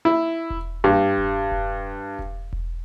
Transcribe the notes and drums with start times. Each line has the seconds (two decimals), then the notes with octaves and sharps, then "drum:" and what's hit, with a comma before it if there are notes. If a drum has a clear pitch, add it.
0.05 E4
0.50 drum: kick E1
0.84 G2
1.18 drum: kick E1
1.51 drum: kick E1
2.19 drum: kick E1
2.53 drum: kick E1